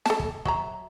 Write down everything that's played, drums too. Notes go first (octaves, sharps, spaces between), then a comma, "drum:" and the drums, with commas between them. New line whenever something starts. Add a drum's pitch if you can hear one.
A4 A5, drum: snare
drum: kick
F#3 E5 A#5, drum: kick